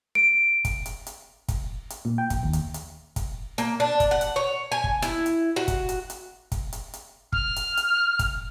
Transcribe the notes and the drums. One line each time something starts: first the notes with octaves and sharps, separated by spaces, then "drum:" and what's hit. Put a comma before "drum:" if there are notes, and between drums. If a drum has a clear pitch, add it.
D7
drum: kick, hi-hat
drum: hi-hat
drum: hi-hat
drum: kick, hi-hat
drum: hi-hat
A#2
G5
A#1, drum: kick, hi-hat
D#2
drum: hi-hat
drum: hi-hat
drum: kick, hi-hat
A#3, drum: hi-hat
D4
drum: kick, hi-hat
F#5
drum: hi-hat
C#5
G#5
drum: kick
E4, drum: hi-hat
drum: hi-hat
F#4
drum: kick, hi-hat
drum: hi-hat
drum: hi-hat
drum: kick, hi-hat
drum: hi-hat
drum: hi-hat
F6, drum: kick
drum: hi-hat
drum: hi-hat
drum: kick, hi-hat